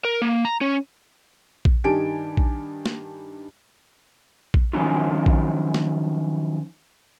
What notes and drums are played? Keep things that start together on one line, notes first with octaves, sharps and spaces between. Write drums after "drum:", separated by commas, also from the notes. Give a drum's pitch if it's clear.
A#4
A#3
A#5
C#4
drum: kick A#1
G2 D#3 G4 G#5 A5 D7
drum: kick A#1
drum: snare A#3
drum: kick A#1
D#3 F3 F#3 C#4 D#4 F4
drum: kick A#1
drum: snare A#3